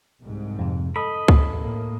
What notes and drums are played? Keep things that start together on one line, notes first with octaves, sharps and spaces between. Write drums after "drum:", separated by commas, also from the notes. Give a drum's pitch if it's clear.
C2 G#2
F2 C3
A4 D#5 B5
A1, drum: kick C#2
A2 A#3